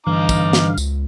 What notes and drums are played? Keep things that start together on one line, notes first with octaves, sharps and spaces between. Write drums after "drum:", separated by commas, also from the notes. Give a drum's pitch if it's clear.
G2 D3 E3 D#4 F5 A#5 D6
drum: kick, tambourine
drum: snare
C#2, drum: tambourine